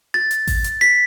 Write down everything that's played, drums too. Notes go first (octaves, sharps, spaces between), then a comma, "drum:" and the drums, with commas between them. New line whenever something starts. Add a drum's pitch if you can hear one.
A6
drum: hi-hat
drum: kick A1, open hi-hat
drum: hi-hat
B6